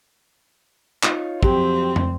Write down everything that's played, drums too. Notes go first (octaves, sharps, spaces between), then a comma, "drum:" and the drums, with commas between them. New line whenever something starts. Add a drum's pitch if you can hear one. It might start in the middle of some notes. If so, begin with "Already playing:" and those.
D#4 F4 C#5, drum: clap
F2 F#3 C4 G4, drum: kick
drum: tom